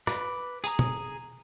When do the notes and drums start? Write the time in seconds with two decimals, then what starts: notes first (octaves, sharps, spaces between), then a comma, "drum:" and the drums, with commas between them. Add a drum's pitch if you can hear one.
0.07 B4 D6, drum: rim click
0.64 G#4 G#5 A#5 D#6, drum: tambourine
0.79 drum: tom B2